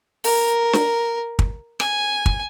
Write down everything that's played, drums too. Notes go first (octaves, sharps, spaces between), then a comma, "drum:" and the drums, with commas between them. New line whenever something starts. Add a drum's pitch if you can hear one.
A#4, drum: open hi-hat
drum: snare
drum: kick
G#5, drum: rim click
drum: kick